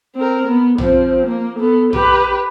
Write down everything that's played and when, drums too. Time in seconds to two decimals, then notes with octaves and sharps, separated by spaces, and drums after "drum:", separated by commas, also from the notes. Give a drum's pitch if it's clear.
0.15 C4 A#4
0.47 B3
0.78 F3 C4, drum: tom A#1
1.26 A#3
1.59 B3 A4
1.93 G4 B4, drum: tom A#1